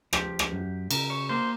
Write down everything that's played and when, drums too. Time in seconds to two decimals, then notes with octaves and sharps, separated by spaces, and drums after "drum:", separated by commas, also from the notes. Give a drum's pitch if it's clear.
0.13 F3 G4, drum: rim click
0.39 drum: rim click
0.52 F#2
0.91 C#3 A#4, drum: cymbal
1.10 C#5
1.29 A#3 C5